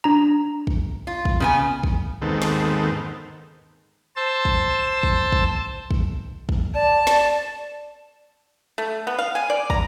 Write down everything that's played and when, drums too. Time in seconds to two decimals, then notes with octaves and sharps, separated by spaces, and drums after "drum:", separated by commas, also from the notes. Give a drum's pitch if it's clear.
0.04 D4 A#5
0.67 drum: kick
1.07 F4
1.25 drum: kick
1.40 C#3 B3 G#5
1.83 drum: kick
2.22 D#2 G#2 D#3 B3 C4 A4
2.42 drum: snare
4.16 C5 A5 E6
4.45 drum: kick
5.03 drum: kick
5.32 drum: kick
5.91 drum: kick
6.49 drum: kick
6.74 D5 A5
7.07 drum: snare
8.78 A3
9.07 B3
9.19 F5
9.35 G#5
9.50 D5
9.70 A#5, drum: kick